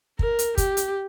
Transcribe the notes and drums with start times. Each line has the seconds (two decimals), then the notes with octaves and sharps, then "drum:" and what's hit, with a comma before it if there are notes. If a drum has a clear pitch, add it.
0.19 A#4, drum: kick
0.39 drum: hi-hat
0.58 G4, drum: kick, hi-hat
0.77 drum: hi-hat